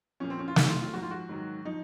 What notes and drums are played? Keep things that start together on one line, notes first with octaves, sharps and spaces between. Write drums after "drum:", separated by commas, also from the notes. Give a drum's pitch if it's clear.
A#2 F3 C#4
C4
C#4
F4
F2 C3 D#3 F#3 D#4, drum: snare
F4
F4
G#2 F3 F#4
F4
F#4
G#2 D#3 F#3
F3 D#4